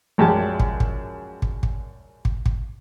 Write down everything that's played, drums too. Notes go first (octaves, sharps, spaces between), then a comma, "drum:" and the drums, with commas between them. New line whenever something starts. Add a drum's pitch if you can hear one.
A#1 F#2 G#3 G4 A5
drum: kick
drum: kick
drum: kick
drum: kick
drum: kick
drum: kick